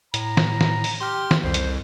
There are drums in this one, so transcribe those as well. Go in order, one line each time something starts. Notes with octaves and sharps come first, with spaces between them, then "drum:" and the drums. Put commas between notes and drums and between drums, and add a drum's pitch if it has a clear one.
A2 A#5, drum: hi-hat
drum: snare
drum: snare
drum: open hi-hat
G4 C6 F6
drum: snare
C2 F2 C5
drum: hi-hat